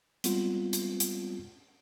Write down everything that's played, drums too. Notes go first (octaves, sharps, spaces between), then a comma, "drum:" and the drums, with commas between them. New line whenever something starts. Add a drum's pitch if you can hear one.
G3 G#3 B3 C4 F4, drum: hi-hat
drum: hi-hat
drum: hi-hat